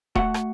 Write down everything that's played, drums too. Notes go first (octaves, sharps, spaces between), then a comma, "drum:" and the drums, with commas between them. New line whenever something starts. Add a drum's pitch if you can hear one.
A3 F#4 F#5, drum: kick D#1
drum: rim click